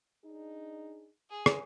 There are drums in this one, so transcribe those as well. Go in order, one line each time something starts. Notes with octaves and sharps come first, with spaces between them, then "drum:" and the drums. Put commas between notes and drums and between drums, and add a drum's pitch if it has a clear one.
D4 D#4 G#4
G#4
drum: rim click